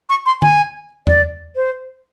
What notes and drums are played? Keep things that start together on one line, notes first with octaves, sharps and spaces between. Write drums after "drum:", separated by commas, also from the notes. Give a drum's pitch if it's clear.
C#6
C6
G#5, drum: tom D3
D5, drum: tom E2
C5